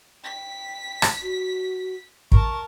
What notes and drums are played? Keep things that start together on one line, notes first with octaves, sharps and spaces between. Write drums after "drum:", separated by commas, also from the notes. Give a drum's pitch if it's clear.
G5 B6
drum: rim click
F#4
A#4 A5 C#6, drum: kick